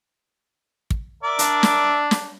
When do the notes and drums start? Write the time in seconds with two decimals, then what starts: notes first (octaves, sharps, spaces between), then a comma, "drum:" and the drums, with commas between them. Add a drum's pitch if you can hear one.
0.90 drum: kick
1.23 A#4 D5 E5
1.39 D4, drum: hi-hat
1.63 drum: snare
2.11 drum: snare